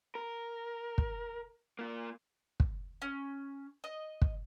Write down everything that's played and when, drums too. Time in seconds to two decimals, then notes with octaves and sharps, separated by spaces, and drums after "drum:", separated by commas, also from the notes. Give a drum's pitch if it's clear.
0.15 A#4
0.98 drum: kick
1.79 A#3 F4
2.60 drum: kick
3.02 C#4
3.84 D#5
4.22 drum: kick